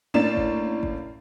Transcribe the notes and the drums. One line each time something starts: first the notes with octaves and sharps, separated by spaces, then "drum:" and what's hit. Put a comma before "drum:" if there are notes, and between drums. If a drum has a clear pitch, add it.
A2 A#3 C#4 D4 A6 E7
drum: kick
drum: kick